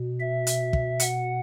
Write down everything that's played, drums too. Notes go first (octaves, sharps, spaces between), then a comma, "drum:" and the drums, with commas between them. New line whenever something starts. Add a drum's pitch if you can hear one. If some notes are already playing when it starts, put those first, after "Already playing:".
Already playing: B2
E5
drum: hi-hat
drum: kick
F#5, drum: hi-hat